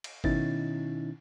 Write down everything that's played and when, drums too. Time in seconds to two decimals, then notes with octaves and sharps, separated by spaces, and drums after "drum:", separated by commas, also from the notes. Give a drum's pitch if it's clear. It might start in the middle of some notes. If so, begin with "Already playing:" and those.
0.04 drum: cymbal
0.24 B2 D#3 C#4 D#4 E4 A6, drum: kick G#1